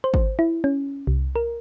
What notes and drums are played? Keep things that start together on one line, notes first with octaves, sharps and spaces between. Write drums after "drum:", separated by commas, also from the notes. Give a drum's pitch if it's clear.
C5
drum: kick G#1
E4
C#4
C2
A#4